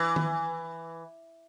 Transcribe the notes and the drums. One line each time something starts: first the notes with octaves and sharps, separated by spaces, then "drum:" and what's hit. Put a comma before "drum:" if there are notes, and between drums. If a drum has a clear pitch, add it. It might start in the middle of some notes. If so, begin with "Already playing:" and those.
Already playing: E3
drum: tom D#3